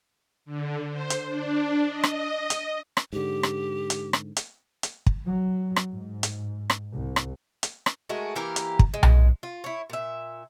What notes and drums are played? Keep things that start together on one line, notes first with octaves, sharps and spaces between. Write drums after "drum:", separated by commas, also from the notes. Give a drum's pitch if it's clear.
D3
C5
drum: hi-hat
D4
D#5
drum: rim click
drum: hi-hat
drum: rim click
G#2 D3 G4
drum: rim click
drum: hi-hat
drum: rim click
drum: hi-hat
drum: hi-hat
drum: kick
F#3
drum: rim click
G#2
drum: hi-hat
drum: rim click
C2
drum: rim click
drum: hi-hat
drum: rim click
G#3 A3 F#4 A#4
E3 A#3 G4 A#4
drum: hi-hat
drum: kick
G#3
drum: tom B1
F4
E4 C#5
A#2 E5